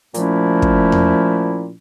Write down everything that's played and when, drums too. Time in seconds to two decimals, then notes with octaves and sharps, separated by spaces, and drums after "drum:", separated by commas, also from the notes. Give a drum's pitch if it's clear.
0.14 A#2 F3 A3 C#4 E4, drum: hi-hat
0.62 drum: kick
0.92 drum: tom E2